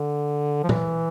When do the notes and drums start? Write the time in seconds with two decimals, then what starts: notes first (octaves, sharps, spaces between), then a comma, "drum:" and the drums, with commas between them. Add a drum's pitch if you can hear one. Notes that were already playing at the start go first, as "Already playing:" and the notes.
Already playing: D3
0.63 F3
0.69 E3, drum: tom